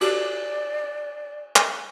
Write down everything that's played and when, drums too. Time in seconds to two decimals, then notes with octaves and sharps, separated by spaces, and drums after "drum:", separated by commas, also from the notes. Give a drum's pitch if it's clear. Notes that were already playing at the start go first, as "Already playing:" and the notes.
0.01 F#4 G4 D5, drum: cymbal
1.56 drum: clap